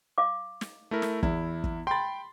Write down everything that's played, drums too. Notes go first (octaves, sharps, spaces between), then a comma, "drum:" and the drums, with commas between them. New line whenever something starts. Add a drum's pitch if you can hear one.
F5 D6
drum: snare
A3 E4 A#4
drum: snare
E2 E4, drum: kick
drum: kick
G5 B5 C6 A6